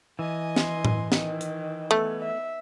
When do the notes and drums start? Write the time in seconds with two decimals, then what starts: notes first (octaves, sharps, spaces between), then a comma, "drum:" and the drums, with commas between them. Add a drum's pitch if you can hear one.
0.19 E3 D#5 G#5
0.56 C6, drum: snare
0.85 drum: tom A2
1.12 D#3, drum: snare
1.41 drum: hi-hat
1.91 A3 B3
2.22 E5